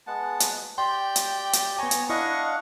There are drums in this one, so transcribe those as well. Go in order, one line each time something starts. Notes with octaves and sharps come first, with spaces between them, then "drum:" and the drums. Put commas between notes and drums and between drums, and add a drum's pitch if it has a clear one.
G#3 B3 F#5 A5
drum: hi-hat
G4 D5 G5 C6
drum: hi-hat
drum: hi-hat
B3 C#5 G#5 A#5
drum: hi-hat
D4 E4 D#5 F5 F#5 C#6